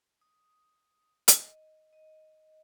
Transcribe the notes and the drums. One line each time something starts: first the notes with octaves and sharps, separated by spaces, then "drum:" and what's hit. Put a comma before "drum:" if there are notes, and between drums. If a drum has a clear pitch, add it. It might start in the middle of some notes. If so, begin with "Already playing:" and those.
D#6
D#5, drum: hi-hat
D#5